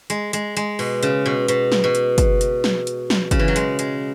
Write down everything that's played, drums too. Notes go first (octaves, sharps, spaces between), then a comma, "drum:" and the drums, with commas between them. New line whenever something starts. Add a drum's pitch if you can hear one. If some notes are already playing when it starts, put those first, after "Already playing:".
G#3, drum: hi-hat
G#3, drum: hi-hat
G#3, drum: hi-hat
B2, drum: open hi-hat
C#3, drum: hi-hat
B2
B2, drum: hi-hat
drum: snare
B2
drum: hi-hat
drum: kick, hi-hat
drum: hi-hat
drum: snare
drum: hi-hat
drum: snare
C#3, drum: kick, hi-hat
E3
F#3
G#3, drum: hi-hat
G#3, drum: hi-hat